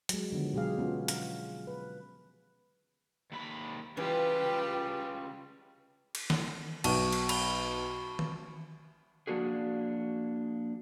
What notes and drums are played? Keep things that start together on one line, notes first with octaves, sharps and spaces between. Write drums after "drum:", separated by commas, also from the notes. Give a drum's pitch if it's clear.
F#3 G#3, drum: hi-hat
D3 D#3 F3 B3
B2 F#3 G#3 G4 G#4 F5
B3 C#4 F4
F5, drum: hi-hat
B4
D#2 B5
C#3 E3 G3 F4 G4 B4
drum: cymbal
drum: snare
B1 A5 C#6, drum: cymbal
drum: cymbal
B5 G7, drum: cymbal
drum: tom D#3
F3 A#3 D4 F#4 G#4